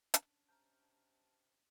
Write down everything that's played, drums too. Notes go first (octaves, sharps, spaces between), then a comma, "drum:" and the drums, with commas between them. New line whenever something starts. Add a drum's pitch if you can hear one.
C#4 D4, drum: hi-hat
C3 A5 A#5 F6 G6